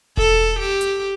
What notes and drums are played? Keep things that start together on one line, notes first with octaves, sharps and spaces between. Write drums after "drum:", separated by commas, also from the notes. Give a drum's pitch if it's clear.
A4, drum: kick E1
G4
drum: hi-hat